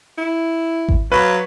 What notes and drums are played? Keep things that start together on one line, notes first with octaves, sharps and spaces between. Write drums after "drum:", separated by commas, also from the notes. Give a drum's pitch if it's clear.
E4
drum: kick G#1
F#3 B4 F5